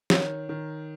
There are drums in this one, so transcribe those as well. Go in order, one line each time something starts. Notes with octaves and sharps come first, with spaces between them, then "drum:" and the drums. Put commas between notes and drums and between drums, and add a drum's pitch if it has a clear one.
D#3 C#5, drum: snare
D#3